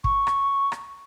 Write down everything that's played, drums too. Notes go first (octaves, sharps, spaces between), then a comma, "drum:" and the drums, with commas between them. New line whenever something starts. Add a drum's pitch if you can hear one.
C#6, drum: kick
drum: rim click
drum: rim click